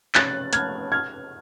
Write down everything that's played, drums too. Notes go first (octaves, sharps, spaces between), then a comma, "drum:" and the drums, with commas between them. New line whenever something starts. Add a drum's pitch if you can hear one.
F#6 A6, drum: clap
F6 G#6, drum: hi-hat
F6 G#6